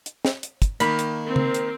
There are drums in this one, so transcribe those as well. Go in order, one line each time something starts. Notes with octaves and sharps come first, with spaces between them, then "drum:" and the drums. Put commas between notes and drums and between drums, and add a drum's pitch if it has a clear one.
drum: hi-hat
drum: snare
drum: hi-hat
drum: kick, hi-hat
D#3 A#3 B5, drum: hi-hat
drum: hi-hat
C4 A#4
drum: tom
drum: hi-hat